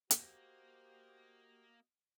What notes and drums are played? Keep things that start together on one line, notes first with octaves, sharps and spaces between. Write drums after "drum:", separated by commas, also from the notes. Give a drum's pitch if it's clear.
A#3 F#4 G4 C5 D#5, drum: hi-hat